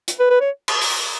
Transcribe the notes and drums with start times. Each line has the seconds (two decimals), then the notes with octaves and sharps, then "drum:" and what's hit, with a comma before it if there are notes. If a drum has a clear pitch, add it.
0.08 drum: hi-hat
0.19 B4
0.30 B4
0.41 C#5
0.68 drum: cymbal
0.81 drum: open hi-hat